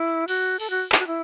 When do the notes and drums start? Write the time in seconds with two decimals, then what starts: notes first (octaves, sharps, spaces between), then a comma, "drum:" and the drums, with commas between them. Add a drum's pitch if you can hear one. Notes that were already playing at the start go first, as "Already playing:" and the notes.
Already playing: E4
0.28 F#4, drum: cymbal
0.59 A4, drum: cymbal
0.70 F#4
0.92 E4, drum: clap
0.99 F#4
1.07 E4